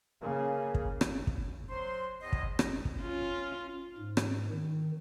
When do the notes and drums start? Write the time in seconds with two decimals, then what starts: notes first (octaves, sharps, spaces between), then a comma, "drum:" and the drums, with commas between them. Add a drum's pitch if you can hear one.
0.22 C#3 A#3
0.75 drum: kick
1.01 drum: rim click
1.27 drum: kick
1.69 F#3 C5 C6
2.22 E2 A2 D#5
2.33 drum: kick
2.59 drum: rim click
2.85 drum: kick
3.01 C#4 F4
3.98 G#2
4.17 drum: rim click
4.50 D#3